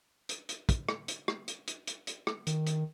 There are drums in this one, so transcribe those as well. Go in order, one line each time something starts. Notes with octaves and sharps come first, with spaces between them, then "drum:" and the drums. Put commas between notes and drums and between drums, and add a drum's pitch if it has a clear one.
drum: hi-hat
drum: hi-hat
drum: kick, hi-hat
drum: rim click
drum: hi-hat
drum: rim click
drum: hi-hat
drum: hi-hat
drum: hi-hat
drum: hi-hat
drum: rim click
D#3, drum: hi-hat
drum: hi-hat